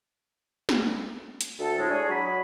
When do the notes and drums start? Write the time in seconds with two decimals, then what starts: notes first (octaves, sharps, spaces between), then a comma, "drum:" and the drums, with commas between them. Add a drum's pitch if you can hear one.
0.69 drum: snare
1.41 drum: hi-hat
1.59 D2 A4
1.79 A2 G#3
1.90 D4 G#4 C#5
2.09 F#3 B5